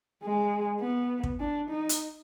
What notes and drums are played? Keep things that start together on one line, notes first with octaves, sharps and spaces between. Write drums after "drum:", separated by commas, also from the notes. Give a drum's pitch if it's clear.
G#3
B3
drum: kick
D4
D#4
drum: hi-hat